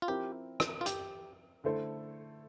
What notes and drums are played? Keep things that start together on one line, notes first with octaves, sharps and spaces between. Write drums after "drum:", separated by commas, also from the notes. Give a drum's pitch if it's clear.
F4
F3 C4 E4 G4 A#4
drum: rim click
F4
G4, drum: hi-hat
D3 A3 E4 A4 C5